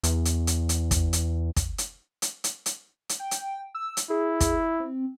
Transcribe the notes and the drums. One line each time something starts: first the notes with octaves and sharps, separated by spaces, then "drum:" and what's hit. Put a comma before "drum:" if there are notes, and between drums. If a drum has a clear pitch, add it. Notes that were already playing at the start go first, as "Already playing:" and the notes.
E2, drum: hi-hat
drum: hi-hat
drum: hi-hat
drum: hi-hat
drum: kick, hi-hat
drum: hi-hat
drum: kick, hi-hat
drum: hi-hat
drum: hi-hat
drum: hi-hat
drum: hi-hat
drum: hi-hat
G5
drum: hi-hat
E6
drum: hi-hat
E4 G#4
drum: kick, hi-hat
C4